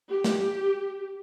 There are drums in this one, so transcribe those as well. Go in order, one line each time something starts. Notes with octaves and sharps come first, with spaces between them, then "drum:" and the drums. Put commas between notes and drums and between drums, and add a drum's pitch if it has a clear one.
G4
drum: snare